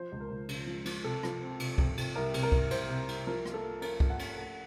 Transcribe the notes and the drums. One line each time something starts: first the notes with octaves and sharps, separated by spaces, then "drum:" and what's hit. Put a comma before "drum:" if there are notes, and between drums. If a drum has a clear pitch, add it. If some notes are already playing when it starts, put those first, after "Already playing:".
Already playing: F3 C5
C#2
A#4
C#2
C#3, drum: cymbal
F3
F3, drum: cymbal
C3 A4
F3, drum: rim click
C4
C3, drum: cymbal
C3, drum: kick
C3, drum: cymbal
C2 A#4
C3, drum: cymbal
A#4
C2, drum: kick
C2 C5, drum: cymbal
C3
C2, drum: cymbal
F3 A#4
A#3, drum: rim click
A4
A#3
C#4 A#4, drum: cymbal
A#3, drum: kick
F#5
C#4, drum: cymbal
A3 F#5